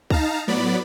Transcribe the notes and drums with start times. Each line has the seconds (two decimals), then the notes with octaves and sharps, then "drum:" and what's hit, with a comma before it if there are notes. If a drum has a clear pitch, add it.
0.10 D#4 F5 A5 A#5, drum: kick C#2
0.47 A2 F#3 B3 D5 B5